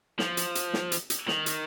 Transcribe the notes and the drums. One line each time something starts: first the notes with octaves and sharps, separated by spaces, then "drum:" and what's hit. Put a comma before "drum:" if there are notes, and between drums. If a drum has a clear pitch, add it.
F3, drum: snare
drum: hi-hat
drum: hi-hat
drum: snare
drum: hi-hat
drum: hi-hat
D#3, drum: snare
drum: hi-hat